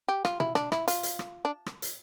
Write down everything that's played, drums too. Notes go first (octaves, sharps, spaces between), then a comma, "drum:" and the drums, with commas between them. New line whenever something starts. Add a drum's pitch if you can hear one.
G4
F4, drum: rim click
E4, drum: tom
D4, drum: rim click
E4, drum: rim click
F4, drum: hi-hat
drum: hi-hat
drum: rim click
D4
drum: rim click
drum: hi-hat